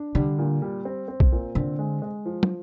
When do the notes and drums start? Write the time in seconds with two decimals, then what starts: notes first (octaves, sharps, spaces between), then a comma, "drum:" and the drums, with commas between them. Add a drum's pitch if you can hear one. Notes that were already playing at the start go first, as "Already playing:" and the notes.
Already playing: D4
0.15 D3 G3
0.38 A#2
0.62 G3
0.85 C4
1.08 C4
1.20 drum: kick
1.32 A#2
1.55 D3 C4
1.79 G#3
2.02 G#3
2.26 F3
2.43 drum: tom